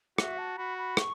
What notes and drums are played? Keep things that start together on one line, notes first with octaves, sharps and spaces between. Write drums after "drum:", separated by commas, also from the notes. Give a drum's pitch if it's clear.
F#4 E5, drum: rim click
A5
F#4 B5
B5
C#6, drum: rim click